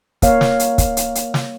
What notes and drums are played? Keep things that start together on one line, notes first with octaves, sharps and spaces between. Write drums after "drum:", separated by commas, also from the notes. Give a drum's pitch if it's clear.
A#3 A#4 C#5 F5, drum: kick, hi-hat
drum: snare
drum: hi-hat
drum: kick, hi-hat
drum: hi-hat
drum: hi-hat
drum: snare